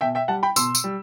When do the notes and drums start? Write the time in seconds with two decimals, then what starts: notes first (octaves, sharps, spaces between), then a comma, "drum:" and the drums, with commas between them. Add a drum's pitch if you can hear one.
0.01 B2 E5 G5
0.15 E5 G5
0.28 G3 F#5 A5
0.43 G5 B5
0.56 B2 C6 E6, drum: tambourine
0.75 drum: tambourine
0.84 G3